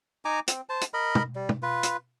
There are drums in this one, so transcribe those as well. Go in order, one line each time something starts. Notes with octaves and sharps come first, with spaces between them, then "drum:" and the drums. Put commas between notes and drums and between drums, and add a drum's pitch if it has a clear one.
D#4 G#5 A#5 D6
C4, drum: hi-hat
C5 A5
drum: hi-hat
A#4 D#5 B5
drum: tom
G3
drum: tom
F4 B4
drum: hi-hat